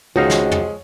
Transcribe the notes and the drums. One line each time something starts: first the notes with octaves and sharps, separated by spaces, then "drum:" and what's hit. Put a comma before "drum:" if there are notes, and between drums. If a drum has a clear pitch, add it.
C#2 C3 F3 G#3 D#4 F#4 C#5 F5
drum: snare
drum: tom